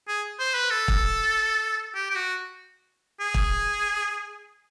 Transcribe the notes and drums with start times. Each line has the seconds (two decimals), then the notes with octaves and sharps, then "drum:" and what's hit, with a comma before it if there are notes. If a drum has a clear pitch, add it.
0.08 G#4
0.39 C5
0.54 B4
0.70 A4
0.88 drum: kick
1.95 G4
2.11 G4
2.15 F#4
3.20 G#4
3.34 drum: kick